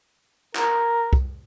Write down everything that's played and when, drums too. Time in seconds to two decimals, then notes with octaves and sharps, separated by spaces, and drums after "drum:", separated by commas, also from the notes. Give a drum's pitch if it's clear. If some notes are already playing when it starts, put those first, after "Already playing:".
0.55 A#4, drum: clap
1.13 drum: kick C2